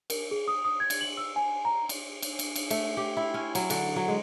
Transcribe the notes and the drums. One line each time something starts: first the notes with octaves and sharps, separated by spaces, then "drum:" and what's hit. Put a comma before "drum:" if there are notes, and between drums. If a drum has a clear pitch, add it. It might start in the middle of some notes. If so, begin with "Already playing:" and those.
A#4, drum: cymbal
G#4
D#6
D#6
G#6
drum: cymbal
F#7
E6
G#5
A#5
drum: cymbal
drum: cymbal
drum: cymbal
drum: cymbal
A3, drum: cymbal
G4
E4
C#4
F#3, drum: cymbal
D3, drum: cymbal
F#3
G#3